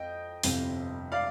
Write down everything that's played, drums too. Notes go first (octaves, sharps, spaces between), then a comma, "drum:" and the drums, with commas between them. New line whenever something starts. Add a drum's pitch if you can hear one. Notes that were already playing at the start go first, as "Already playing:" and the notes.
Already playing: F2 D#5 G5
G1 F2 C3, drum: open hi-hat
D5 F5